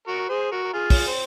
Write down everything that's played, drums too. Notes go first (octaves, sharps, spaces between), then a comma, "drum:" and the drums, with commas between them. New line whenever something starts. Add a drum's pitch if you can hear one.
F#4 A#4
G#4 C5
F#4 A#4
A#4
F4 G#4
drum: kick, open hi-hat
C4